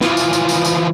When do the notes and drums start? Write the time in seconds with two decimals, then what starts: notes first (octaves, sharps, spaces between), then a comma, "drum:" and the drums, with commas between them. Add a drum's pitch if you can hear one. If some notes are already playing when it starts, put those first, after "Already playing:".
0.01 E3 F3, drum: snare
0.17 drum: tambourine
0.33 drum: tambourine
0.49 drum: tambourine
0.65 drum: tambourine